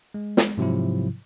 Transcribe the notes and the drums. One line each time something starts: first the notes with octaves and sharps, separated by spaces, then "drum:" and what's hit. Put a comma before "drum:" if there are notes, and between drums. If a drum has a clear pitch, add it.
G#3
drum: snare
G#2 C3 F3 F#3 E4